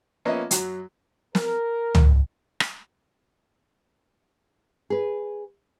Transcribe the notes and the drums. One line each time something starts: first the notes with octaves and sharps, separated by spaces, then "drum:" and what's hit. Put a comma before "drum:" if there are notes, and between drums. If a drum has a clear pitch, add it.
F3 A#3 B3 C#4 D#5 E5
F#2 F#3, drum: hi-hat
A#4, drum: snare
drum: tom C#2
drum: rim click
G#4 B4